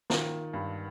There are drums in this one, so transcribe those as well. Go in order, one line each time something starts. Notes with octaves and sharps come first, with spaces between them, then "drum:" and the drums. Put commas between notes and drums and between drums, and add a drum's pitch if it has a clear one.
D#3 F4, drum: snare
G2